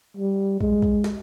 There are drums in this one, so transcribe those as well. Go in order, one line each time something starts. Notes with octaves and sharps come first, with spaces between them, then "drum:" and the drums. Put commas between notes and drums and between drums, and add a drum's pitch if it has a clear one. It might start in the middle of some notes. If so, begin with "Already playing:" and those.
G3
G#3, drum: kick
drum: kick
drum: snare